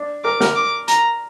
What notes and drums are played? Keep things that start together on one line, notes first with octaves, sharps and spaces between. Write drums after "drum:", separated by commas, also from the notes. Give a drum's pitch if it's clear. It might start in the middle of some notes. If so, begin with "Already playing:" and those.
Already playing: D4
A#4 D6
A#4, drum: snare
D6
A#5, drum: hi-hat